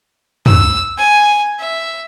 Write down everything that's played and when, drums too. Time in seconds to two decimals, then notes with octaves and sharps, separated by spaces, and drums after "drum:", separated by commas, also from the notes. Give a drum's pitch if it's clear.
0.46 E6, drum: tom
0.98 G#5
1.59 E5